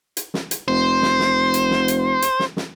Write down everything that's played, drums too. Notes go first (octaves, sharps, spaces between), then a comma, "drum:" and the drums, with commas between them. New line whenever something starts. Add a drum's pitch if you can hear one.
drum: hi-hat
drum: snare
drum: hi-hat
F1 C5
drum: snare
drum: snare
drum: hi-hat
drum: snare
drum: hi-hat
drum: hi-hat
drum: snare
drum: snare